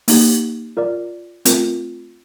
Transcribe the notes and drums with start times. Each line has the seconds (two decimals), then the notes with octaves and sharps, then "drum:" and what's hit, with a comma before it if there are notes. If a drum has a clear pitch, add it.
0.08 A#3 D#4 G4, drum: open hi-hat
0.77 F4 A#4 D5
1.45 A3 C4 F4 A#4, drum: hi-hat